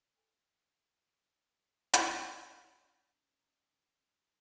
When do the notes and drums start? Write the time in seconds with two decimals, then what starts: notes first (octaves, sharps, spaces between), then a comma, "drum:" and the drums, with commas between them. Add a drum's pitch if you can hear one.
0.15 A4 G5 G#5
1.94 drum: hi-hat
2.34 C#4 D#4